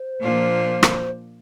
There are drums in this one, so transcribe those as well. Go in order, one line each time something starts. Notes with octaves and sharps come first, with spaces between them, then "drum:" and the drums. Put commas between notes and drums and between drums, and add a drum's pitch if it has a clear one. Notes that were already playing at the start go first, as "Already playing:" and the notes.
Already playing: C5
A#2 F3 A#3 D4 F4
drum: rim click